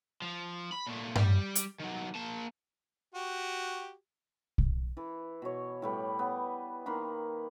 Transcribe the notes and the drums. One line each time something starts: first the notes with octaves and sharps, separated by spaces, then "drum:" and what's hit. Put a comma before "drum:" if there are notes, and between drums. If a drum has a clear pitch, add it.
F3
B5
A#2 A3
G3, drum: tom G2
drum: hi-hat
D#3 F#3
A#3 A5
F#4 G4
drum: kick B1
E3
B2 C#5
A2 G3 B4
B3
D#3 A#3 B4 C6